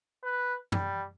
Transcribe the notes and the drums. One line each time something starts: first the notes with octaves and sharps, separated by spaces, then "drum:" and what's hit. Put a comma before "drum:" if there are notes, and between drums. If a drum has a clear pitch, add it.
B4
G3, drum: tom F#2